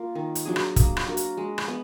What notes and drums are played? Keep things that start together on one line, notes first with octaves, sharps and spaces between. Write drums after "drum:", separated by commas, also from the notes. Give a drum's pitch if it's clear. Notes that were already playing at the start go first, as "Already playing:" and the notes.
Already playing: A#3 F4 A#4
D#3
drum: hi-hat
F#3 D4 G#4
drum: rim click
A#3, drum: kick, hi-hat
drum: rim click
D4 F#4 A#4
drum: hi-hat
G#3
drum: rim click
B3